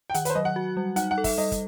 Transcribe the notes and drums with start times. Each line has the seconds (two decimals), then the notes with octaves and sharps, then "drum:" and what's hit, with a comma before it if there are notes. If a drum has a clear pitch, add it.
0.10 G5
0.14 D#3 F#5, drum: hi-hat
0.25 B4 C5, drum: hi-hat
0.35 F#3 D#5
0.45 F#5
0.56 F#4
0.77 G3
0.96 D#4 F#5, drum: hi-hat
1.11 F#5
1.18 A4
1.24 E5, drum: kick, open hi-hat
1.38 G3 D#5
1.52 drum: kick, hi-hat